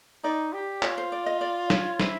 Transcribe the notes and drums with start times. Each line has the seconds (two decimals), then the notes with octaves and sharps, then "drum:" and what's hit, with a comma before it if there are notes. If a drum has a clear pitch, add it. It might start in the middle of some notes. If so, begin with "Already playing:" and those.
0.24 D#4 D5
0.53 G4
0.82 F4 C#5, drum: clap
0.98 C5
1.12 D5
1.26 D#5
1.41 D5
1.70 C#5, drum: snare
2.00 E4 C5, drum: snare